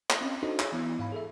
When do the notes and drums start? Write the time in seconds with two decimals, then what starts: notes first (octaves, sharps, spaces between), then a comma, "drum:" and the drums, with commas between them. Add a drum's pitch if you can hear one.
0.10 drum: clap
0.21 C4 C#4 D#5
0.43 D4 D#4 F#4 A4 C5 D#5
0.59 G#4 C#5, drum: clap
0.72 E3 B3 E4
0.99 G#2 F5 B5
1.12 G#4 A4 E5